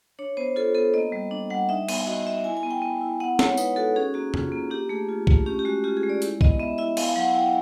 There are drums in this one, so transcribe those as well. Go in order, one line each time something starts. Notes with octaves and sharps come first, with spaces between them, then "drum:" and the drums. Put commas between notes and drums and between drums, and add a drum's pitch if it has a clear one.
D4 C#5
B3 C5
F4 A4
B3 A4
A#3 D#5
G3
D4
G3 F#5
D#4 E5
B3, drum: cymbal
F#4 D#5
B3 E5
E4 G#5
G#5
B3
G5
B3
E4
B3 F#5
G#3 C#5, drum: snare
D#4 B4, drum: tambourine
F#4 A4
C#4 G#4
A#3 F#4
F4, drum: tom F2
A#3
D4 G4
A3 G#4
F4
A3, drum: kick B1
C#4 G4
G4
G#3 F#4
F4 G4
G#4
G#3
D5
E4, drum: hi-hat
B3 D#5, drum: kick B1
B3 E5
E4 E5
B3 F5, drum: cymbal
F#3 F#5
E4 G5